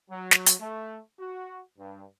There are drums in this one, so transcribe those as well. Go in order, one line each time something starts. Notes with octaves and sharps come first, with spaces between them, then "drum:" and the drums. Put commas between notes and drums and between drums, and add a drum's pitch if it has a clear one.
F#3
drum: snare
drum: hi-hat
A3
F#4
G2